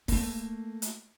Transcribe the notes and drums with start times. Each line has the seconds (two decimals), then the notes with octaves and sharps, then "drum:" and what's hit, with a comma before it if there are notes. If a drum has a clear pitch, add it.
0.08 A3 A#3, drum: kick, open hi-hat
0.82 drum: hi-hat